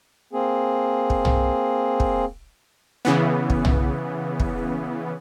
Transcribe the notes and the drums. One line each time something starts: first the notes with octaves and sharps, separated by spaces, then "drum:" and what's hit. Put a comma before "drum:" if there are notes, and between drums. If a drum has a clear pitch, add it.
A#3 C4 G#4
drum: kick
drum: tom
drum: kick
C#3 E3 B3
drum: kick
drum: tom
drum: kick